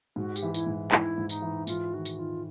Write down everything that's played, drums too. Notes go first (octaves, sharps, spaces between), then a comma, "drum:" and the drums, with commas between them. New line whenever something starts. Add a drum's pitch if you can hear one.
G#2 F#4
G4, drum: tambourine
E3
E4, drum: tambourine
G#2
G#2 E4, drum: clap
G#2
D#4, drum: tambourine
E3
G#2 F4, drum: tambourine
D#3 F#4
drum: tambourine
D#3 F4